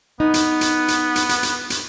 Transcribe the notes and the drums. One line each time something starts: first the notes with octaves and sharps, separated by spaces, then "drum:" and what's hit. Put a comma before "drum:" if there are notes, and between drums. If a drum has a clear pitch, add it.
B3 D#4
drum: hi-hat
drum: hi-hat
drum: hi-hat
drum: hi-hat
drum: hi-hat
drum: hi-hat
drum: hi-hat